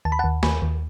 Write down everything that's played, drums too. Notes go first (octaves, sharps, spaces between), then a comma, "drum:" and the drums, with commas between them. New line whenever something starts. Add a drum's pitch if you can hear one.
D#2 A5
B5
F#5 A5
D#2
D#2 G#5 B5, drum: snare
D#2